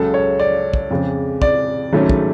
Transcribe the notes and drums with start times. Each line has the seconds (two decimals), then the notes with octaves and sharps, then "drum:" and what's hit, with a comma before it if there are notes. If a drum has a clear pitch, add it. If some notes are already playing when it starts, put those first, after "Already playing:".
Already playing: C#2 C#3 F#3 A4
0.14 C#5
0.40 D5
0.74 drum: kick
0.91 F2 C#3 G#3
1.42 D5, drum: kick
1.93 G#1 G#2 F#3 A3 C#4
2.10 drum: kick